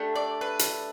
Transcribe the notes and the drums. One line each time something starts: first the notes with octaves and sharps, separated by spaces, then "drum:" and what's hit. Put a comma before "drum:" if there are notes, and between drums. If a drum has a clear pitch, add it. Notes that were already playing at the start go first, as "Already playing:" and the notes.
Already playing: A3 D4 G4
D5
B4
drum: hi-hat